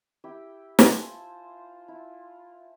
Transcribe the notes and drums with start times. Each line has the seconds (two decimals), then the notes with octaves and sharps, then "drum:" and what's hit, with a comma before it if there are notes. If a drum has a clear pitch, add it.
0.24 E4 G4 G5
0.79 drum: snare
0.92 F4 C5 G#5 A5
1.88 E4